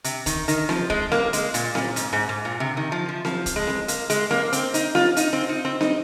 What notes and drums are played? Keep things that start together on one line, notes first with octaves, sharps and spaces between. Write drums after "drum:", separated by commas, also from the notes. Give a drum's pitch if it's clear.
C3, drum: hi-hat
D#3, drum: kick, hi-hat
D#3, drum: hi-hat
F3, drum: snare C4
G#3, drum: kick
A#3, drum: snare C4
G#3, drum: hi-hat
A#2, drum: hi-hat
A#2, drum: snare C4
G#2, drum: hi-hat
G#2
G#2
A#2
C3
D#3
F3
F3
F3, drum: snare C4
drum: kick, hi-hat
G#3
drum: snare C4
A#3, drum: hi-hat
G#3, drum: hi-hat
A#3, drum: snare C4
C4, drum: hi-hat
D#4, drum: hi-hat
F4, drum: snare C4
D#4, drum: hi-hat
C4
D#4
C4
D#4, drum: snare C4